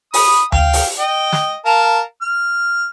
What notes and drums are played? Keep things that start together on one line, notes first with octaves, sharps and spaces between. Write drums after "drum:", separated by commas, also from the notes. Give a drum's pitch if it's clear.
B5 D#6, drum: open hi-hat
F5 G5, drum: tom D2
drum: open hi-hat
D#5 G5
drum: snare
A#4 F5 A5
F6